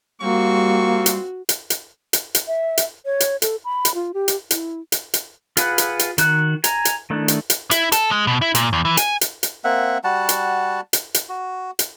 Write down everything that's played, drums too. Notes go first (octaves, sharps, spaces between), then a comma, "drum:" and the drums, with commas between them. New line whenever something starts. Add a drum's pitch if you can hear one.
G3 A#3 C4 F4 F#4 C#6
drum: hi-hat
drum: hi-hat
drum: hi-hat
drum: hi-hat
drum: hi-hat
E5
drum: hi-hat
C#5
drum: hi-hat
A4, drum: hi-hat
B5
drum: hi-hat
F4
G4
drum: hi-hat
E4, drum: hi-hat
drum: hi-hat
drum: hi-hat
F4 G#4 B4 F#5, drum: hi-hat
drum: hi-hat
drum: hi-hat
D#3 F#4 F#6, drum: hi-hat
G#5 A#5, drum: hi-hat
drum: hi-hat
D#3 A3 D4 E4
drum: hi-hat
drum: hi-hat
E4, drum: hi-hat
A4, drum: hi-hat
G#3
B2
E4
A#2, drum: hi-hat
E2
E3
G#5, drum: hi-hat
drum: hi-hat
drum: hi-hat
A#3 C4 E5 F#5
G3 F#4 F#5 A5
drum: hi-hat
drum: hi-hat
drum: hi-hat
F#4
drum: hi-hat